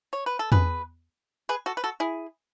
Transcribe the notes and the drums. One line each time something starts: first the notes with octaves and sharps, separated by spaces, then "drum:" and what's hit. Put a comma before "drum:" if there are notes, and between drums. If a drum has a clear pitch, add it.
C#5
B4
A4
G#4 B4, drum: tom E2
G#4 B4
F#4 A4
B4
F#4 A4
E4 G#4